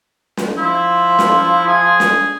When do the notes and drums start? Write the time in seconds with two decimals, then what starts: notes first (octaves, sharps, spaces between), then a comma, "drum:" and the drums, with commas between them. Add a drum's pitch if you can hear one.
0.37 drum: snare
0.58 F3 E4
1.19 drum: snare
1.67 G#4
2.00 drum: snare